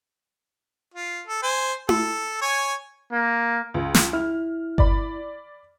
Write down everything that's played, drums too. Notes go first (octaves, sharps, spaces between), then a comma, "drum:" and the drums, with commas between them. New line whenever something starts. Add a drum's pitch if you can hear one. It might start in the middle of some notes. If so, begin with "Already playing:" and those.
F4
A4
C5 G#5
A4, drum: tom E4
C#5 G#5
A#3
C#2
drum: snare
E4 F6
D5 B5, drum: kick G1